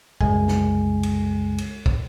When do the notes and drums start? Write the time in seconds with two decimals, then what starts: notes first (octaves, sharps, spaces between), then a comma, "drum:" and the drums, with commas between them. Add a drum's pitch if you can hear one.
0.21 C2 F#2 C#3 G#3 G#5, drum: kick
0.48 drum: snare
1.03 drum: cymbal
1.58 drum: cymbal
1.86 drum: kick